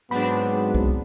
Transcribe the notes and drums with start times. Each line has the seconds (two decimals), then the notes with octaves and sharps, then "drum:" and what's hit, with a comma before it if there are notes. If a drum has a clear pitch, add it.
0.11 G#2 F#3 B3 C4 D4 B5
0.75 drum: kick